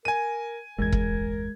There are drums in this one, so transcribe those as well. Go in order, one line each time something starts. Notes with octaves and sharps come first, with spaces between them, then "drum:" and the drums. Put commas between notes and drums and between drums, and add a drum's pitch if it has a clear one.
A#4 G#5 D#7
G1 E2 G#3 A#4 G#6
drum: kick E1